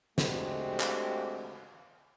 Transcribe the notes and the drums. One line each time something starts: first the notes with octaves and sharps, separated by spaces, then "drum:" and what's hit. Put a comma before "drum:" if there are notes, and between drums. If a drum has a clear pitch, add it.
G#3 A3 C4 D4 F#4 G4, drum: snare
drum: clap